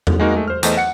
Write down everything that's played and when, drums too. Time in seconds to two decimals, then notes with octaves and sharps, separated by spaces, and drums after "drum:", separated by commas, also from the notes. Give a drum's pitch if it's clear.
0.07 drum: tom E2
0.20 G#3 A#3 D#4 F#4 A#4
0.35 G#3 A3
0.48 C5 F6
0.63 E2 A3 C5 D#5, drum: hi-hat
0.77 F#5 C#7